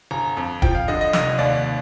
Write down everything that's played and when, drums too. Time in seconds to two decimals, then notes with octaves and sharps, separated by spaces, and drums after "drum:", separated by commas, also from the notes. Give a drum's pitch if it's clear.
0.11 G1 A#5
0.37 F2
0.62 F3 G5, drum: kick
0.75 F5
0.88 D3 D#5
1.01 D#5
1.13 F1 D#5, drum: snare
1.39 D#2 D5